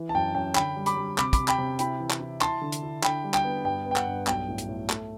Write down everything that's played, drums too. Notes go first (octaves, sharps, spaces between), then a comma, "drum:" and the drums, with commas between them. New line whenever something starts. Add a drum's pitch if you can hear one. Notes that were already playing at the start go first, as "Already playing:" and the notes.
Already playing: E3
A5
F#2 G5
F#2 G5
D3 G5 B5, drum: clap
G3
B5 D6, drum: hi-hat
G3
C3 B5 D6, drum: clap
B5 D6, drum: kick, hi-hat
C3
G5 B5, drum: clap
C3
E4 G5 B5, drum: hi-hat
E3
drum: clap
E4
E4 A5 C6, drum: clap
D3
drum: hi-hat
E4
D3 G5 B5, drum: clap
G3
G5, drum: clap
B3
G2 G5
B3
G5
F#5, drum: clap
G2
B1 G5, drum: clap
A2
drum: hi-hat
A2
A3, drum: clap